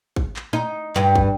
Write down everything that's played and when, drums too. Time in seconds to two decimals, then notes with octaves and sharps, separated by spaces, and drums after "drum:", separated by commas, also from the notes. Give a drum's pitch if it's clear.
0.16 drum: kick
0.36 drum: clap
0.53 D#4
0.96 G2, drum: clap
1.15 drum: kick